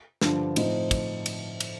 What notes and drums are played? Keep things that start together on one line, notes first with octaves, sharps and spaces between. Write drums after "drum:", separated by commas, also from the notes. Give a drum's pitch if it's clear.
G2 D3 F3, drum: snare
A2 F3 C4 D#4, drum: cymbal
drum: kick, cymbal
drum: cymbal
drum: cymbal